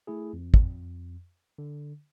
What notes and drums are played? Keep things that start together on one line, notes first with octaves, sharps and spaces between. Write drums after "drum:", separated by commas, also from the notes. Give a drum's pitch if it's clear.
A3 E4 G#4
F2
drum: kick
D3